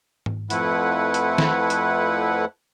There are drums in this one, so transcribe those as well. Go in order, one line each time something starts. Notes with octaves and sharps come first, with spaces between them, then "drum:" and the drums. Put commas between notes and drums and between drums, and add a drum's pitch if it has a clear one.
drum: tom G#2
F2 F3 A3 E4 B4 F#5, drum: hi-hat
drum: hi-hat
drum: snare
drum: hi-hat